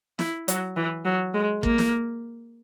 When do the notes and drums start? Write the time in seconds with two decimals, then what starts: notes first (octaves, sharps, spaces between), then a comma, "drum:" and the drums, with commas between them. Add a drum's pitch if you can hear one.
0.19 E4, drum: snare
0.48 F#3, drum: hi-hat
0.76 E3
1.05 F#3
1.34 G#3
1.63 A#3, drum: kick
1.78 drum: snare